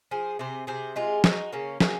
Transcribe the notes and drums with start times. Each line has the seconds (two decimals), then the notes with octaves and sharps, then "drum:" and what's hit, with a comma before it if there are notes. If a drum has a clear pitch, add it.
0.11 F3 G#4 C5
0.39 C3 G#4 C5
0.67 C3 G#4 C5
0.96 G#3 F4 G#4
1.24 G#3 D#4 F#4, drum: snare
1.53 C#3 A#3 C#4
1.80 C#3 A#3 C#4, drum: snare